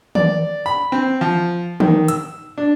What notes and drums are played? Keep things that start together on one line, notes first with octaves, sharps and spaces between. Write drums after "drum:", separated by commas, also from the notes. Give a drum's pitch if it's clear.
D5, drum: tom D#3
B5
C4
F3
D#3, drum: tom D#3
E6, drum: hi-hat
D4